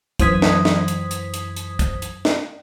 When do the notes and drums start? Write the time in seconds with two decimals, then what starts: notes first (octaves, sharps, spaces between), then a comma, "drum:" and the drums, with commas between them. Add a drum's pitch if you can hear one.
0.20 F#2 E3 C5 D#6 G#6 B6, drum: kick, hi-hat
0.42 drum: snare
0.65 drum: snare
0.88 drum: hi-hat
1.11 drum: hi-hat
1.34 drum: hi-hat
1.56 drum: hi-hat
1.79 drum: kick, hi-hat
2.02 drum: hi-hat
2.25 drum: snare